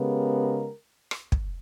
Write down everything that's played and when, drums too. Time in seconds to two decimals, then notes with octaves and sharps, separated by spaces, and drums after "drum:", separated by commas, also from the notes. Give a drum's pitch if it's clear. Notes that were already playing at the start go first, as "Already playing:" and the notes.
Already playing: C#3 G#3 B3 G4 A#4
1.11 drum: rim click
1.32 drum: kick